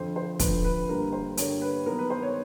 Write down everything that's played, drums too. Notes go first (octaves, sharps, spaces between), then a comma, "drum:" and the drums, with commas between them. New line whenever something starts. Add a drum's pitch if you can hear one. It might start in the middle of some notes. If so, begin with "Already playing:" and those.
Already playing: F2 D3 F3 C5
C5
F2 D3 F3 B4, drum: kick, hi-hat
B4
G2 D3 G3 A#3 A#4
C5
G2 D3 G3 A#3 C#5, drum: hi-hat
B4
D#3 F#3 B3 A#4
B4
C5
C#5